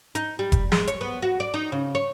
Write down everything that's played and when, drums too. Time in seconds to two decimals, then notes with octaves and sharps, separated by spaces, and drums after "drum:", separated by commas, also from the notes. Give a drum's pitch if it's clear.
0.15 D#4, drum: hi-hat
0.39 G3
0.52 drum: kick F1, hi-hat
0.72 G#3, drum: snare
0.87 C#5, drum: hi-hat
1.01 B3
1.22 F#4
1.40 D5
1.54 D#4
1.72 C#3
1.95 C#5